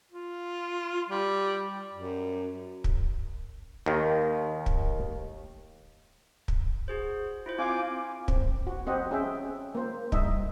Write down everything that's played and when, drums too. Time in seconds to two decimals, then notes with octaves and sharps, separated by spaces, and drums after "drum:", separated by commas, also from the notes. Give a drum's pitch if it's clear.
0.11 F4
1.09 G3
1.93 F#2
2.84 drum: kick
3.86 D#2 D#3
4.66 drum: kick
6.48 drum: kick
6.88 F#4 G#4 C5
7.46 E4 F4 C5
7.58 C4 F4 G#5 D6
8.28 C4, drum: kick
8.67 F#4
8.87 C4 G4 C5 D#5 F#5
9.11 C#4 G#4 E5 G5
9.75 A#3 C5
10.12 G3 D#4 D#5 E5, drum: kick